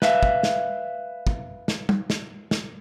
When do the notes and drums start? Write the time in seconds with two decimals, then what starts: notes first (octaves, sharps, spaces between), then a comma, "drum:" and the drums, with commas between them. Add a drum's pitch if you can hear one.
0.02 B4 E5 F5, drum: snare
0.23 drum: kick
0.43 drum: snare
1.27 drum: kick
1.68 drum: snare
1.89 drum: tom
2.10 drum: snare
2.51 drum: snare